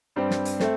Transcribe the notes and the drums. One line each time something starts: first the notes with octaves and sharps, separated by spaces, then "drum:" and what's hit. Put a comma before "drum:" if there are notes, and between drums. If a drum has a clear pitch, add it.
G2 G3 C4
drum: snare
drum: hi-hat
A3 C4, drum: snare